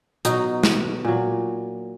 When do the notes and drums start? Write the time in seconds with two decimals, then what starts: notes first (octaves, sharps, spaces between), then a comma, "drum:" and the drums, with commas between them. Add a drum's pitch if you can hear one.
0.25 B2 F#3 D#4, drum: hi-hat
0.63 drum: snare
1.05 A#2 F#3